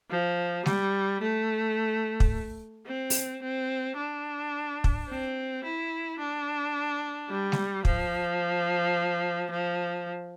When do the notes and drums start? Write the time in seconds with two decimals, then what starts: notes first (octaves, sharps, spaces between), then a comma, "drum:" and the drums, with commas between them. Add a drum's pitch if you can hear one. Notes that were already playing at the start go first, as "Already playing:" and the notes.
0.10 F3
0.66 G3, drum: snare G#3
1.21 A3
2.20 drum: kick
2.86 C4
3.10 drum: open hi-hat
3.42 C4
3.97 D4
4.84 drum: kick
5.08 C4
5.64 E4
6.19 D4
7.30 G3
7.52 drum: snare G#3
7.85 F3, drum: kick
9.51 F3